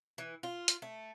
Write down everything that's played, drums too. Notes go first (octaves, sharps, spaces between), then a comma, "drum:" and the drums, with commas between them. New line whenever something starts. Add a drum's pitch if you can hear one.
E3
F4
drum: hi-hat
A3